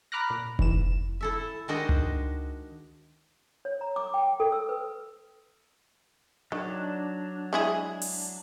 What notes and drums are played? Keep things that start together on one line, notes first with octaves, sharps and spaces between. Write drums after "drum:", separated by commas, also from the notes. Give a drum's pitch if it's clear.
A#5 B5 D6 F6 F#6 A#6
A#2
G#2 E3 E7, drum: kick F1
E4 A4 E5
D#3 G#3 D4 F#4 C5 D#5
drum: tom C#2
C#5
A#5
D6
G5
A4
E6
B4
D#3 F#3 D4
G#3 E4 G#4
drum: open hi-hat